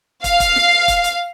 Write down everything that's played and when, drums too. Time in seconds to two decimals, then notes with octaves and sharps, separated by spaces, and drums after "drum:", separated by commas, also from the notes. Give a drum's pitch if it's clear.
0.24 F5, drum: kick, hi-hat
0.40 drum: kick, hi-hat
0.56 drum: snare
0.88 drum: kick, hi-hat
1.04 drum: hi-hat